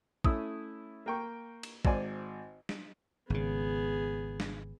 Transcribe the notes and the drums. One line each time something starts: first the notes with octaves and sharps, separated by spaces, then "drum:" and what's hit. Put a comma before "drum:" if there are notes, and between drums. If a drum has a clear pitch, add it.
A3 C#4 E4 D#6 E6, drum: kick
A#3 G5 C#6
drum: cymbal
G#1 C5 D5 G#5, drum: kick
drum: snare
G#1 C#3 B3 G#4
drum: snare